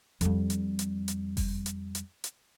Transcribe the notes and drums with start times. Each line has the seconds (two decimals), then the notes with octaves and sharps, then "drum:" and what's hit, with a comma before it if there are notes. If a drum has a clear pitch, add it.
0.21 F2 G3, drum: hi-hat
0.50 drum: hi-hat
0.79 drum: hi-hat
1.08 drum: hi-hat
1.37 drum: kick F#1, open hi-hat
1.66 drum: hi-hat
1.95 drum: hi-hat
2.24 drum: hi-hat